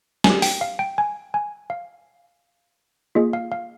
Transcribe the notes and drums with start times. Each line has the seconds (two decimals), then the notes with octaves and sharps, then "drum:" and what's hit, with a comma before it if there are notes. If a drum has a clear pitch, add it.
0.24 C#4 G#5, drum: snare
0.30 G4
0.42 G5, drum: open hi-hat
0.61 F5
0.79 G5
0.98 G#5
1.34 G#5
1.70 F5
3.15 A#3 F4 G#4 D#5
3.33 F5
3.52 F5